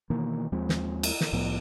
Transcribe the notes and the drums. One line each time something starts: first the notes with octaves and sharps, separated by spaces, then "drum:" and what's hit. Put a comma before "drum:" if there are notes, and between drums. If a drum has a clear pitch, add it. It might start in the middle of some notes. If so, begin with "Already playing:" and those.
B2 D#3 E3 A#3
D#2 F3 G#3 C4
drum: snare
drum: cymbal
drum: snare
C2 A2 F3 B3